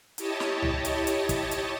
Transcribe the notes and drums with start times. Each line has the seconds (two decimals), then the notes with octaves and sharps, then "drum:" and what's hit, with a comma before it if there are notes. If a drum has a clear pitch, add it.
0.18 E4 G4 C#5 D#5 A5, drum: hi-hat
0.40 drum: snare
0.62 drum: tom C2
0.85 drum: hi-hat
1.07 drum: hi-hat
1.29 drum: kick, hi-hat
1.51 drum: hi-hat